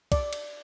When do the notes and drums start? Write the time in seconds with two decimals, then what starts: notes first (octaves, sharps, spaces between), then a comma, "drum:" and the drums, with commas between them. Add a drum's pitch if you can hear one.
0.12 D5, drum: kick, cymbal
0.33 drum: cymbal